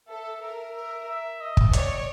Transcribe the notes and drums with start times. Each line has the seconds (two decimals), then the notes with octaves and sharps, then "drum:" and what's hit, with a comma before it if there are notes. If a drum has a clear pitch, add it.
0.08 A4 E5
0.41 A#4 E5
0.75 A#4
1.08 E5
1.41 D#5
1.57 drum: kick
1.73 C#5 D5, drum: hi-hat